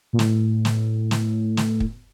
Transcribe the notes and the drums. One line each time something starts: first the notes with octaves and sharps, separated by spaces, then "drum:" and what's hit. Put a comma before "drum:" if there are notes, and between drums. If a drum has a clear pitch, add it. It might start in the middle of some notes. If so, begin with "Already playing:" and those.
A#2
A2, drum: snare
drum: snare
drum: snare
drum: snare
drum: kick